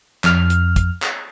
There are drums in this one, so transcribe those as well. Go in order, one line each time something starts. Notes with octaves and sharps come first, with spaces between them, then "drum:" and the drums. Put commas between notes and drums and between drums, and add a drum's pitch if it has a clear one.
F2 F6, drum: clap
drum: hi-hat
drum: kick, hi-hat
drum: clap